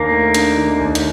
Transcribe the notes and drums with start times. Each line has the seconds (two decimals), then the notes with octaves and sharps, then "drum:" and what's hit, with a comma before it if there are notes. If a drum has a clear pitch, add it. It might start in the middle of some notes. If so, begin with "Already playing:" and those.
Already playing: D#2 D#3 A#3 D4
0.11 A3
0.34 D4, drum: hi-hat
0.58 D#3
0.80 D#2
0.95 drum: hi-hat